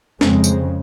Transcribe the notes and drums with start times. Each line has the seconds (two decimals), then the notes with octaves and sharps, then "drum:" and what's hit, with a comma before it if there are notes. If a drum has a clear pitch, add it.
0.21 F2 C#3 G#3 C4, drum: snare
0.44 drum: tambourine